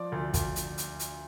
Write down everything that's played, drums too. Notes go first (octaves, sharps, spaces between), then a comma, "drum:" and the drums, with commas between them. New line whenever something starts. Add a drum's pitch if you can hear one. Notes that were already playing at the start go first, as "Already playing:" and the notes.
Already playing: F3 D5
D2
D2, drum: kick, hi-hat
drum: hi-hat
drum: hi-hat
drum: hi-hat